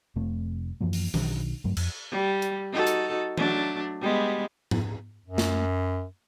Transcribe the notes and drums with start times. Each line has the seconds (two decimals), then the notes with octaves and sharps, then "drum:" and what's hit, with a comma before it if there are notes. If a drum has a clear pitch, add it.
0.16 F1 C3 A3
0.81 F#2 E3 F3 A#3
0.93 drum: open hi-hat
1.14 B1 D#3 F#3 D4, drum: tom E3
1.64 G2 F#3 A3
1.77 F2, drum: cymbal
2.11 G3
2.42 drum: hi-hat
2.72 D#4 F#4 A4
2.87 drum: hi-hat
3.38 F#3 A3 D4, drum: tom E3
4.01 G3 G#3 B3
4.71 drum: tom G#2
5.26 F#2
5.38 drum: snare